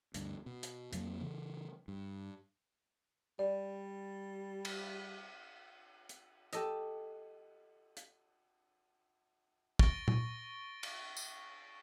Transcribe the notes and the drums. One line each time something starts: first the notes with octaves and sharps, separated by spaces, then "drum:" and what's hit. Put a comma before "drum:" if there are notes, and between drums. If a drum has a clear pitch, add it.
D2 G2, drum: hi-hat
B2
drum: hi-hat
F2 F#3 A3 A#3, drum: hi-hat
C#3 E3
G2
G3 D5
drum: cymbal
drum: hi-hat
G4 A4 D#5, drum: hi-hat
drum: hi-hat
C#6 A6 A#6 D7 G7, drum: kick
drum: tom A#2
drum: cymbal
drum: tambourine